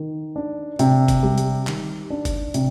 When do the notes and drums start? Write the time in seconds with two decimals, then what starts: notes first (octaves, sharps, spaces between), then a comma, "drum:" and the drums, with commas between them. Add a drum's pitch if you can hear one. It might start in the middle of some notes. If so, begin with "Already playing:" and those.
Already playing: D#3
0.36 D4
0.79 C3, drum: hi-hat
1.08 drum: kick G1, hi-hat
1.23 G3
1.38 drum: hi-hat
1.67 D#3, drum: clap
2.10 D4
2.25 drum: kick G1, hi-hat
2.54 C3, drum: hi-hat